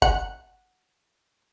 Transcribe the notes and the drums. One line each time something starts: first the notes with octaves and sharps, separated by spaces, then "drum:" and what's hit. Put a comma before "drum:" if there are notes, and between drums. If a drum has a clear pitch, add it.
F#5, drum: kick G1